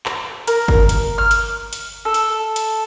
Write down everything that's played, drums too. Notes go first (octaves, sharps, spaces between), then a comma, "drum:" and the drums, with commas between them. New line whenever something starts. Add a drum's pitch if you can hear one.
drum: clap
A#4, drum: hi-hat
drum: kick G1
drum: hi-hat
F6
drum: hi-hat
drum: hi-hat
A4
drum: hi-hat
drum: hi-hat